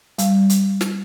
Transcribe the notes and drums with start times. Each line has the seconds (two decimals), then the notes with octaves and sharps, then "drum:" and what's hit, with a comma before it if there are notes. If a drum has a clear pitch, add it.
0.18 G3, drum: hi-hat
0.50 drum: hi-hat
0.81 drum: snare